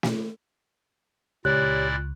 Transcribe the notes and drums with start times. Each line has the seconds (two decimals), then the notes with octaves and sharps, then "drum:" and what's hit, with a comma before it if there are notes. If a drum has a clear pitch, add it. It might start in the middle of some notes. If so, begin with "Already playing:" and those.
0.03 drum: snare
1.45 C#2 A#2 E4 G4 C#5 D5 F#6